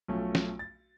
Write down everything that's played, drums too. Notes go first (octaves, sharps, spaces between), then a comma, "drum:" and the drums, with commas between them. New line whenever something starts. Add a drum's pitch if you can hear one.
B1 F3 A3 C#4
drum: snare
A6